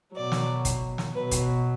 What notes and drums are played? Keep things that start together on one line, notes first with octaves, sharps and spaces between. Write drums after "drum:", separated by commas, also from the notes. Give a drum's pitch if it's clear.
B2 F#3 D5
drum: snare
drum: kick, hi-hat
drum: snare
B2 F#3 B4
drum: kick, hi-hat